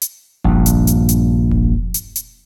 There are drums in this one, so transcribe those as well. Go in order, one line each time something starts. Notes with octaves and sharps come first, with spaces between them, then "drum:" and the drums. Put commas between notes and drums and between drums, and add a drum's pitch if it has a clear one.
drum: hi-hat
A#1 G2, drum: kick F1
drum: hi-hat
drum: hi-hat
drum: hi-hat
drum: kick F1
drum: hi-hat
drum: hi-hat